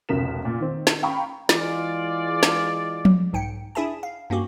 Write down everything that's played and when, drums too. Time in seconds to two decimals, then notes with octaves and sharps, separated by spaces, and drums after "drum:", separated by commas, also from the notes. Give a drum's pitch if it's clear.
0.09 F1 C#2 B2 A#4 B6 E7
0.45 A#2
0.60 D#3 C4
0.87 drum: snare
1.02 F5 G5 A#5 B5 C#6
1.49 E3 G#3 F4 D5, drum: snare
2.43 drum: snare
3.05 drum: tom F3
3.33 B1 G#2 G5 C#7
3.75 D4 E4 G#4 E5 G#5 A5
4.03 F5
4.30 G2 A#3 C#4 F#4 G4